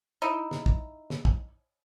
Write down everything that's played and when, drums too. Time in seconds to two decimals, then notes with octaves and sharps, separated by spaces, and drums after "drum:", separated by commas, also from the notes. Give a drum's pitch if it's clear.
0.22 D#4 E4
0.51 drum: snare
0.66 drum: kick
1.10 drum: snare
1.25 drum: kick